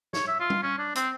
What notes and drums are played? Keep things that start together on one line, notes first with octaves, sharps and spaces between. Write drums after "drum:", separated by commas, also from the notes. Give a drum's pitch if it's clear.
C#5, drum: snare
E5
F4
drum: tom G3
C#4
D4
C4, drum: hi-hat